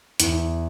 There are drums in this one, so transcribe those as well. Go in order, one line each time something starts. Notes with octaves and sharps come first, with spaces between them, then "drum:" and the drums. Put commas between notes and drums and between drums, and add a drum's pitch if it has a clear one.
E2, drum: hi-hat